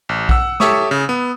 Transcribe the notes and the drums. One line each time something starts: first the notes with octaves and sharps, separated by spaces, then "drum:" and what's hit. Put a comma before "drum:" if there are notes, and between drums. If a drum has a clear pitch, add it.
A1
F#5 E6, drum: kick A#1
G4 A4 C#5 E5 C#6 D#6, drum: snare
C#3
B3